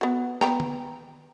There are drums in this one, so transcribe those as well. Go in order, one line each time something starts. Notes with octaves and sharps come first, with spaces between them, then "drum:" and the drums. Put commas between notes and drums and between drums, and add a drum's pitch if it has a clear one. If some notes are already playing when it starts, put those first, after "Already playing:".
B3 F#4
B3 G5 A#5, drum: snare
drum: tom